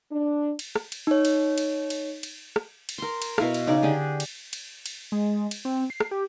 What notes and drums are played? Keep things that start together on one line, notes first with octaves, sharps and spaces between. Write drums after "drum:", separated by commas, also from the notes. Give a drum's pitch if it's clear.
D4
drum: cymbal
drum: rim click
drum: cymbal
D#4 C#5
drum: cymbal
drum: cymbal
drum: cymbal
drum: cymbal
drum: rim click
drum: cymbal
A#4 C6
drum: cymbal
B2 E4 F5, drum: rim click
drum: cymbal
C#3 D#4 D5
D3 D4 G4 G#4
drum: cymbal
drum: cymbal
drum: cymbal
G#3
drum: cymbal
C4
C7
drum: rim click
G4